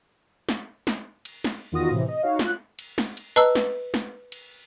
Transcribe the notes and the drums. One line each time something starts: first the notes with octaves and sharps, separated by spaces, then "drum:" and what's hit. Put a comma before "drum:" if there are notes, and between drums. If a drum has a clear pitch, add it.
drum: snare
drum: snare
drum: cymbal
drum: snare
E2 D#3 F4 F#4 D#6 A#6
A2 C3 E3
D#5
D#4 F#4 C#5 F5
F4 F#6, drum: snare
drum: cymbal
drum: snare
drum: cymbal
B4 D#5 A5 A#5 E6
drum: snare
drum: snare
drum: cymbal